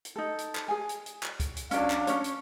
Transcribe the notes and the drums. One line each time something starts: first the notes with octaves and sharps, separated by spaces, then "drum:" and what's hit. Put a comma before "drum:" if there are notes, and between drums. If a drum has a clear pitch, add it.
drum: hi-hat
D#4 A4
drum: hi-hat
drum: clap
G#4 G#5
drum: hi-hat
drum: hi-hat
drum: clap
drum: kick C#2, hi-hat
drum: hi-hat
F#3 C#4 D4 D5 F5, drum: hi-hat
drum: clap
C#4 C#5, drum: hi-hat
drum: hi-hat